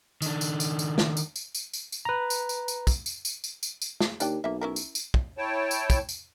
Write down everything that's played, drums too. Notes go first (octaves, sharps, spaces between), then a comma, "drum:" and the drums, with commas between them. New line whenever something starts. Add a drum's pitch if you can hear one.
D#3 D4, drum: tambourine
drum: tambourine
drum: tambourine
drum: tambourine
drum: snare
drum: tambourine
drum: tambourine
drum: tambourine
drum: tambourine
drum: tambourine
B4 A#5
drum: tambourine
drum: tambourine
drum: tambourine
drum: kick, tambourine
drum: tambourine
drum: tambourine
drum: tambourine
drum: tambourine
drum: tambourine
G#4, drum: snare
D#2 D4 D5 G5, drum: tambourine
B1 A#3 E5
C#4 E4 A#4
drum: tambourine
drum: tambourine
drum: kick
E4 C#5 G5 A5
drum: tambourine
drum: kick, tambourine
drum: tambourine